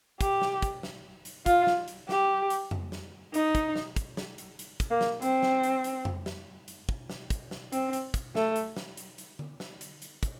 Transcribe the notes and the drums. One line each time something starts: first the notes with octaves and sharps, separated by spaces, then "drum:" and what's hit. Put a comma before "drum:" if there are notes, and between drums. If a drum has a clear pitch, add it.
G4, drum: kick, hi-hat
drum: snare
drum: kick, hi-hat
drum: snare
drum: hi-hat
F4, drum: kick, hi-hat
drum: snare
drum: hi-hat
G4, drum: snare
drum: hi-hat
drum: tom F2
drum: snare
D#4, drum: hi-hat
drum: kick, hi-hat
drum: snare
drum: kick, hi-hat
drum: snare
drum: hi-hat
drum: hi-hat
drum: kick, hi-hat
A#3
drum: snare
C4, drum: hi-hat
drum: snare
drum: hi-hat
drum: hi-hat
drum: tom F2
drum: snare
drum: hi-hat
drum: kick
drum: snare
drum: kick, hi-hat
drum: snare
C4, drum: hi-hat
drum: hi-hat
drum: kick, hi-hat
A3, drum: snare
drum: hi-hat
drum: snare
drum: hi-hat
drum: hi-hat
drum: tom D3
drum: snare
drum: hi-hat
drum: hi-hat
drum: kick, hi-hat